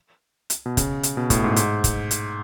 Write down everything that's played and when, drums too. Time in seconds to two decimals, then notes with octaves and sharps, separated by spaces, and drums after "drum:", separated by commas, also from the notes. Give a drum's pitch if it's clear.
0.50 drum: hi-hat
0.66 B2
0.77 C#3, drum: kick, hi-hat
1.03 drum: hi-hat
1.17 B2
1.30 A2, drum: kick, hi-hat
1.44 G#2
1.56 G#2, drum: hi-hat
1.84 drum: kick, hi-hat
2.11 drum: hi-hat